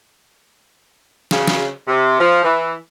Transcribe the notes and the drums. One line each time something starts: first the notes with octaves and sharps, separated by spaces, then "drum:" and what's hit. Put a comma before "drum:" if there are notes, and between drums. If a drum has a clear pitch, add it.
C#3, drum: snare
drum: snare
C3
F3
E3